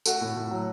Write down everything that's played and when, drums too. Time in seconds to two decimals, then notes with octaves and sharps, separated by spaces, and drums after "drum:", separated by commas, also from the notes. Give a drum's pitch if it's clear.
0.06 A3 F#4, drum: tambourine
0.21 A2
0.36 A2
0.51 F#3